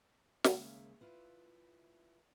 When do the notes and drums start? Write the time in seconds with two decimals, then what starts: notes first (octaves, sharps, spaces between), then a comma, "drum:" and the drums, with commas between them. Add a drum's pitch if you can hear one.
0.44 D#2 C#3 G#3 A#3 C#4 E5, drum: snare
1.01 E4 F4 B4